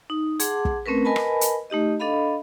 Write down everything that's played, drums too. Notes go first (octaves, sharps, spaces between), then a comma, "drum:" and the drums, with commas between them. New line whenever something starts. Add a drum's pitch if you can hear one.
D#4
G#4 F#5 A5 C6 D6, drum: hi-hat
drum: kick
A3 C4 C#4 A#4 B4
A#4 B4 D#5 G#5 A5 B5
drum: rim click
drum: hi-hat
A3 D#4 G4 D#5
D4 A4 D#5 F5 B5